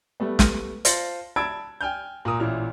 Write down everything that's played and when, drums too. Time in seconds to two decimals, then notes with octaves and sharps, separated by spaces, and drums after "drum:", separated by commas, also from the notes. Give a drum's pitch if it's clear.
0.20 G3 A3 B3
0.39 drum: snare
0.85 F4 C5 A5 A6 A#6 C#7, drum: hi-hat
1.36 A5 B5 E6 G#6 A6 D7
1.81 G5 G#5 F6 G6
2.25 A#2 A#4 D#6
2.40 A1 A#2 E4 F6